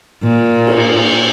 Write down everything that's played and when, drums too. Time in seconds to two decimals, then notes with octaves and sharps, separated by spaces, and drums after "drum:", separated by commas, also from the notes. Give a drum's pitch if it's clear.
0.23 A#2
0.67 drum: cymbal